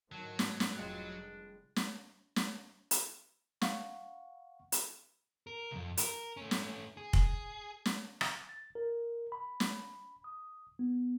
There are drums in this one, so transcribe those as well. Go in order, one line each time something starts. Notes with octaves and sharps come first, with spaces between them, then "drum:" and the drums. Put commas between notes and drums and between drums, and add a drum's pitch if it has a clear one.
G#1 A2 D#3 F#3 A5
drum: snare
drum: snare
F1 G3 G#3 D4 F4
drum: snare
drum: snare
drum: hi-hat
F5 F#5 C#6, drum: snare
drum: hi-hat
A#4
C2 F2
A#4, drum: hi-hat
A3 C#4
drum: snare
G#4
drum: kick
drum: snare
drum: rim click
A6
A#4
B5
drum: snare
D#6
B3